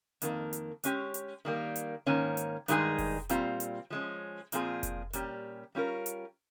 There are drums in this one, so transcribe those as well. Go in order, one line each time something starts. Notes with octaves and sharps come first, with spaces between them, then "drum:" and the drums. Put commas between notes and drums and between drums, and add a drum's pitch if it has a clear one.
F2 D#3 A#3, drum: hi-hat
drum: hi-hat
G#3 C#4 G4, drum: hi-hat
drum: hi-hat
D#3 G3 A#3
drum: hi-hat
G#2 D#3 A#3 C#4
drum: hi-hat
G2 D#3 G#3 D#4 G#4, drum: hi-hat
drum: kick F1, open hi-hat
A#2 G3 C4 F4, drum: hi-hat
drum: hi-hat
F3 G#3 C#4
A#2 F3 C4 F4 G#4, drum: hi-hat
drum: kick F1, hi-hat
A#2 G3 C#4 G4, drum: hi-hat
G3 C#4 F4 A#4
drum: hi-hat